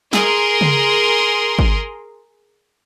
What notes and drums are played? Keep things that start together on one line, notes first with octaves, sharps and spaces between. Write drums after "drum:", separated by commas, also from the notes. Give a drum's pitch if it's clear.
G#4 A#4 A#5 C6, drum: snare
drum: tom C#3
drum: kick G#1